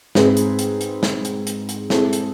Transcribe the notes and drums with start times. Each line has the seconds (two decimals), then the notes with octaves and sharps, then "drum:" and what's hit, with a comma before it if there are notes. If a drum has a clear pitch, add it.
0.15 G#2 G#3 C4 G#4 B4, drum: snare
0.37 drum: hi-hat
0.59 drum: hi-hat
0.81 drum: hi-hat
1.03 drum: snare
1.25 drum: hi-hat
1.47 drum: hi-hat
1.69 drum: hi-hat
1.90 G#3 C4 E4 A4, drum: snare
2.13 drum: hi-hat